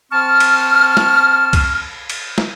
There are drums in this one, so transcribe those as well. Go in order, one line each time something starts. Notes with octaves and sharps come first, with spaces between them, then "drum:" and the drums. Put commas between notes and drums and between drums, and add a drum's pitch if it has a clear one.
C4 A5 C#6 F6
drum: cymbal
drum: snare
drum: kick, cymbal
drum: cymbal
drum: snare